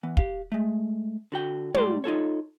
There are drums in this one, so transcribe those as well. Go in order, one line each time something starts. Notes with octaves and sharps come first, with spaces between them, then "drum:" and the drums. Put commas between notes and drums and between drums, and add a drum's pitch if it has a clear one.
E3 B3
G4 F5, drum: kick
G#3 A3
D3 F#4 G5
A2 G3 G#3 D5 E5 C6, drum: tom
D#4 F4 A4 C#5